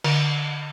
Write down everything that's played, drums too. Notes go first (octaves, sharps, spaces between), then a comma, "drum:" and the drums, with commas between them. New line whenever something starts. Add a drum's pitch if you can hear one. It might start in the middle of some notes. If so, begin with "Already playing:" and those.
D3, drum: cymbal